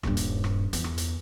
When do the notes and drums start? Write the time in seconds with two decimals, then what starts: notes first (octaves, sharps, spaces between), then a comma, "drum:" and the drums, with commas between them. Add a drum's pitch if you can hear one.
0.03 D#1 G2, drum: rim click
0.17 drum: hi-hat
0.44 drum: rim click
0.73 E2, drum: hi-hat
0.84 drum: rim click
0.98 drum: hi-hat